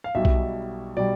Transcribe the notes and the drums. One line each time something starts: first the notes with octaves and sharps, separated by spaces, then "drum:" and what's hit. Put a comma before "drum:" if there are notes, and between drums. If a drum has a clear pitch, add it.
F5
B1 B2 G3 E5
drum: kick B1
B2 G3 D5